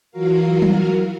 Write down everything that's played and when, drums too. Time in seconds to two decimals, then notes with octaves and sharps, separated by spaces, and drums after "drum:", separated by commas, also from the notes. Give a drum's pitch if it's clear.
0.11 E3 F#3 F4 F#4 A#4 F5
0.62 drum: tom F#3